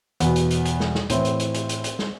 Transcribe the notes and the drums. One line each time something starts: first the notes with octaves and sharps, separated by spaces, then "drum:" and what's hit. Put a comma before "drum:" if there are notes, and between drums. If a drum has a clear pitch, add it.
E2 B2 B3, drum: hi-hat
drum: hi-hat
drum: hi-hat
drum: hi-hat
drum: snare
drum: snare
A2 E3 C4, drum: hi-hat
drum: hi-hat
drum: hi-hat
drum: hi-hat
drum: hi-hat
drum: hi-hat
drum: snare